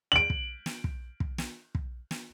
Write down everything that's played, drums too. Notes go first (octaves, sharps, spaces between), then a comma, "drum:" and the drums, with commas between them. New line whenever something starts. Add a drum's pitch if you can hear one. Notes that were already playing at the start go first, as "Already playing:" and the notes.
D7 F#7
drum: kick
drum: snare
drum: kick
drum: kick
drum: snare
drum: kick
drum: snare